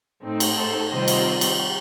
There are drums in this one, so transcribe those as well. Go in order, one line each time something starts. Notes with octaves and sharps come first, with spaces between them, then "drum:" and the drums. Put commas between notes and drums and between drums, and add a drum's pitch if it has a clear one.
A2 A3 C4 D#4
drum: cymbal
A4 C5
C3 D#3 G3 C4 F4 C5 D#5
drum: cymbal
drum: cymbal